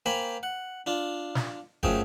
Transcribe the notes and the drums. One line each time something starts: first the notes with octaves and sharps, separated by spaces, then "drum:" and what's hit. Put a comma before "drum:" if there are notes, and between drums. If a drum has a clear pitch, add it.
A#3 C5 G5 G#5 A#5 B5
F#5
D4 F4
drum: snare
F#2 F3 A3 G#4 G5, drum: kick